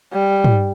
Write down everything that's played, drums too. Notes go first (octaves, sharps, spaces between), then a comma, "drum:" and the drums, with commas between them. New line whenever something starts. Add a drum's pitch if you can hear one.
G3
drum: tom